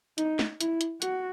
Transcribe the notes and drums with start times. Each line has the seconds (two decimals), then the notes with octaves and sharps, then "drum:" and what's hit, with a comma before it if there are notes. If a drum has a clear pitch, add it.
0.18 D#4, drum: hi-hat
0.39 drum: snare
0.61 E4, drum: hi-hat
0.81 drum: hi-hat
1.02 F#4, drum: hi-hat